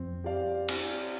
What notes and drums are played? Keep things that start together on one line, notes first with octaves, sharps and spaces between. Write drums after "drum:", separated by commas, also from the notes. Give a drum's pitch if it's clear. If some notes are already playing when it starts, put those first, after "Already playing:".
Already playing: F2 C4
G4 D5 F5
C4, drum: cymbal